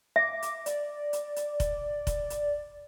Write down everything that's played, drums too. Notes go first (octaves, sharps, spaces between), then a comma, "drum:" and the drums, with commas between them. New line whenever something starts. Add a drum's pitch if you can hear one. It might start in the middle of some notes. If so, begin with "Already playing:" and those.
E5 D6
drum: hi-hat
D5, drum: hi-hat
drum: hi-hat
drum: hi-hat
drum: kick F1, hi-hat
drum: kick F1, hi-hat
drum: hi-hat